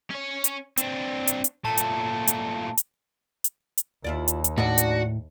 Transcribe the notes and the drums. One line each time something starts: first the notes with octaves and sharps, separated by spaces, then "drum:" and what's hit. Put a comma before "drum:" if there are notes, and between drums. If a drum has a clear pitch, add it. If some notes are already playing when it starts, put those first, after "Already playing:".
C#4 C#5
drum: hi-hat
C4 D4, drum: hi-hat
drum: hi-hat
drum: hi-hat
A#2 A3 A5
drum: hi-hat
drum: hi-hat
drum: hi-hat
drum: hi-hat
drum: hi-hat
D#2 E4 F4 D5
drum: hi-hat
drum: hi-hat
A2 D4 D#4 F#4 D5
drum: hi-hat